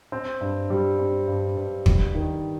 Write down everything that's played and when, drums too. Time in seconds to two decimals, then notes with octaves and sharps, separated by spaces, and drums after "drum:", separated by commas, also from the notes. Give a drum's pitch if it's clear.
0.12 C4
0.41 G2
0.70 G3
0.99 C4
1.28 G2
1.57 G2
1.86 G3, drum: kick
2.15 D#3